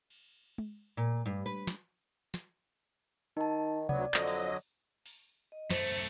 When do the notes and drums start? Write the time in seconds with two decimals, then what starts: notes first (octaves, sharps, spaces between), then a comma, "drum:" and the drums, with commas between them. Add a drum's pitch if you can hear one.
0.10 drum: cymbal
0.58 drum: tom G#3
0.97 A#2
1.26 G2
1.46 B4
1.67 drum: snare
2.34 drum: snare
3.37 D#3 D#4 A5
3.89 D2 F#3 B3 D5, drum: tom C3
4.14 F2 D3 F#3 D#5, drum: clap
4.27 drum: open hi-hat
5.06 drum: open hi-hat
5.52 D#5
5.70 F#2 A3 C5, drum: snare